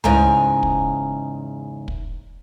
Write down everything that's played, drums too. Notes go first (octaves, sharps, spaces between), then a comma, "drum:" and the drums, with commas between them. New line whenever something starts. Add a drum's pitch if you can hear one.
E2 G#2 C#3 G#5 A#5, drum: tom C#2
drum: kick
drum: kick